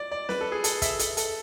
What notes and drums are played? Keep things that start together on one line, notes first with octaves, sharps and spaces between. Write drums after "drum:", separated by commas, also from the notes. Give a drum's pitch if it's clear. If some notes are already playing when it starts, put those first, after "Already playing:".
Already playing: D5
D5
B4, drum: snare
A4
G#4
A4, drum: hi-hat
E5, drum: kick, hi-hat
A4, drum: hi-hat
A4, drum: hi-hat